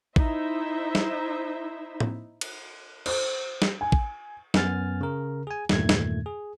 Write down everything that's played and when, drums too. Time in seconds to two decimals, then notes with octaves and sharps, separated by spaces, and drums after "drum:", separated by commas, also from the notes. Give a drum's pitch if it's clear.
0.16 D#4 E4 C5 E5, drum: kick A1
0.95 drum: snare
2.00 drum: tom A2
2.41 drum: cymbal
3.06 C5, drum: cymbal
3.62 drum: snare
3.81 G#5
3.92 drum: kick A1
4.54 F#2 B3 G#5 F6 A6, drum: snare
5.01 C#3 A#4
5.47 G#4 G#5
5.69 E2 G2 A#2 D#3 A3 G#6, drum: snare
5.89 drum: snare
6.26 G#4